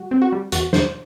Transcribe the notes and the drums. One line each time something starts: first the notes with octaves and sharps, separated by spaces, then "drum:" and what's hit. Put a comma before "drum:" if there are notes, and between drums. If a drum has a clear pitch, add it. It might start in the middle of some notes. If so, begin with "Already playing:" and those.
Already playing: G3 F#4
C4
F#4
G3
E2 F#4, drum: hi-hat
E2 C5, drum: snare